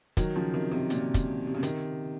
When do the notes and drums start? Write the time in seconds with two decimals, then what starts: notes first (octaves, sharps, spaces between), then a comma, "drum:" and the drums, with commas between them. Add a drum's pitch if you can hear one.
0.17 D#3 F#3, drum: kick, hi-hat
0.36 C#3 F3
0.54 C3 D#3
0.71 C3 D#3
0.90 A#2 C#3, drum: hi-hat
1.14 drum: kick, hi-hat
1.47 C3
1.55 C#3
1.63 C3 D#3, drum: hi-hat